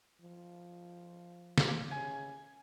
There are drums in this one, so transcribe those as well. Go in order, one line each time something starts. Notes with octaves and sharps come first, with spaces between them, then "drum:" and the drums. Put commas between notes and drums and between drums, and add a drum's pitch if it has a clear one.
F3
drum: snare
C#3 G#5